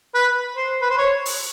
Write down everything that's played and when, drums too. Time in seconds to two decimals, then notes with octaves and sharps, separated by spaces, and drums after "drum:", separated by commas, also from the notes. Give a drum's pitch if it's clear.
0.14 B4
0.55 C5
0.81 B4
0.90 C5
0.97 C#5
1.26 drum: open hi-hat